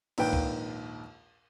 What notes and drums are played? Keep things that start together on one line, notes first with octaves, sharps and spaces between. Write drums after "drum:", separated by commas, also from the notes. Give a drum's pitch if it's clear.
A#1 D#2 G#2 B4 G5, drum: cymbal
drum: kick